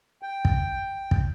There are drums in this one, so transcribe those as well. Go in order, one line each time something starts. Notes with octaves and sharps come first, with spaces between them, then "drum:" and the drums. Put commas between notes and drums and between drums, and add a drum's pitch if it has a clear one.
G5
drum: kick
drum: kick